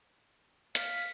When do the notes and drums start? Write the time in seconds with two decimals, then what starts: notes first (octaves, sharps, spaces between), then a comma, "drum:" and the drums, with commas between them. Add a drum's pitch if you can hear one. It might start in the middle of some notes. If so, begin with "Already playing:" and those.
0.75 F5 B6, drum: hi-hat